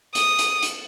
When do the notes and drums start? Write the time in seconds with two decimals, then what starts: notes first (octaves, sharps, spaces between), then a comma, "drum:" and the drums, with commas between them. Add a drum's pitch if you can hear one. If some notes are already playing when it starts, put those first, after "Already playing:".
0.15 D#6, drum: hi-hat
0.39 drum: hi-hat
0.62 drum: hi-hat